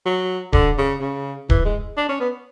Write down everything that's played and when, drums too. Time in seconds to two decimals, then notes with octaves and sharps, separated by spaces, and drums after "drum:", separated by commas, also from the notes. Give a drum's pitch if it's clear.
0.05 F#3
0.53 D3, drum: kick D1
0.78 C#3
1.01 C#3
1.50 E3, drum: kick D1
1.65 G#3
1.97 D4
2.09 C#4
2.20 B3